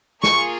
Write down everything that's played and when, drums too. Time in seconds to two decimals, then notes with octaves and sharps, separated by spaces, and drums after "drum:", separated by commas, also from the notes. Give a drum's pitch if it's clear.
0.24 A#3 F4 G#4 C#6, drum: snare